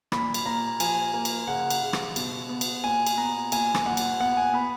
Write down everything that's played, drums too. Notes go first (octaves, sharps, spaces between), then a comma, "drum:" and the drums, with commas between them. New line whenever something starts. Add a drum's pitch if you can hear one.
A#2 B5, drum: rim click
drum: cymbal
A#2 A#5
F3 G#5, drum: cymbal
A#3
drum: cymbal
C#3 F#5
drum: cymbal
C#3
drum: rim click
B2, drum: cymbal
B3
drum: cymbal
A#2 G#5
drum: cymbal
B3 A#5
A#2 G#5, drum: cymbal
drum: rim click
A#2 F#5
drum: cymbal
B3 F#5
G#5
B3 B5